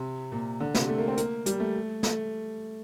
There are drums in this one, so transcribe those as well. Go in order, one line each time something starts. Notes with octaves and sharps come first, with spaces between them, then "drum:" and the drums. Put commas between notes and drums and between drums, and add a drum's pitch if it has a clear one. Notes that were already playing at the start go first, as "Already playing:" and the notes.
Already playing: C3
A#2
D3
C3, drum: snare
A3
A#3
C4
A#3, drum: hi-hat
G3, drum: hi-hat
A3
A3, drum: snare